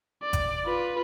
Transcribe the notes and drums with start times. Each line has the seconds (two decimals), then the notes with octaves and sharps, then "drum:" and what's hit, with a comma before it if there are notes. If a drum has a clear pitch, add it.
0.23 D5
0.33 drum: kick G#1, hi-hat
0.66 F4 B4